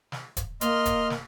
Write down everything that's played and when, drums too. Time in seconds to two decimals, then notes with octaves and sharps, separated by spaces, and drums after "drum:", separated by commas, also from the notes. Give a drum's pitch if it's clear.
0.12 drum: snare
0.37 drum: kick D#1, hi-hat
0.61 A#3 D#5 C6 F6, drum: hi-hat
0.86 drum: kick D#1, hi-hat
1.10 drum: snare